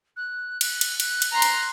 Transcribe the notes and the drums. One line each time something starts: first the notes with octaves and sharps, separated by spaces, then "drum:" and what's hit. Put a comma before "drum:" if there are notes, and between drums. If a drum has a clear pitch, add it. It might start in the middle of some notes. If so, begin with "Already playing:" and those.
F#6
F#6, drum: cymbal
drum: cymbal
F#6, drum: cymbal
drum: cymbal
A#5 C6
drum: cymbal